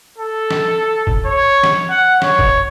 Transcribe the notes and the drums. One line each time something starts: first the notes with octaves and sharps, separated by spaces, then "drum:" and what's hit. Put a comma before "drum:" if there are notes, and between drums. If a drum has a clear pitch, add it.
A4
drum: snare F3
drum: kick
C#5
drum: snare F3
F#5
C#5, drum: snare F3
drum: kick